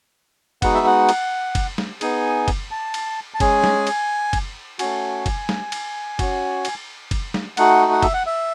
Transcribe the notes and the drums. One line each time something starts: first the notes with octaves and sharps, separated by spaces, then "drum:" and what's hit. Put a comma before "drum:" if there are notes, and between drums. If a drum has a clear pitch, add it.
G#3 B3 D#4 F#4 F#5, drum: kick F#1, cymbal
E5
F#5
drum: cymbal
drum: kick F#1, cymbal
drum: snare
B3 D#4 G#4 G#5, drum: cymbal
drum: kick F#1, cymbal
A5
drum: cymbal
A5
G#3 C#4 G#4 G#5, drum: kick F#1, cymbal
drum: snare
drum: cymbal
drum: kick F#1, cymbal
A3 C#4 F#4 G#5, drum: cymbal
drum: kick F#1, cymbal
drum: snare
drum: cymbal
C#4 F#4, drum: kick F#1, cymbal
drum: cymbal
drum: kick F#1, cymbal
drum: snare
A3 D#4 F#4 F#5, drum: cymbal
F#5
E5, drum: kick F#1, cymbal
F#5
E5